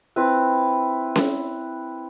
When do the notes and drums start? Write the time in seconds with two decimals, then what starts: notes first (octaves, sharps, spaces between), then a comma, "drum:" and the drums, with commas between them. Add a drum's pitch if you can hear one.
0.16 C4 E4 B4
1.16 drum: snare C#4